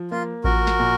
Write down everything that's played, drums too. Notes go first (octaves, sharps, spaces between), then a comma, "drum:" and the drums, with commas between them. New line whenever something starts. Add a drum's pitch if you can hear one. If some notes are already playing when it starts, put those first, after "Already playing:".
Already playing: F3
A#3 F4
F3 F#4 A#4, drum: kick A1
drum: snare
A#2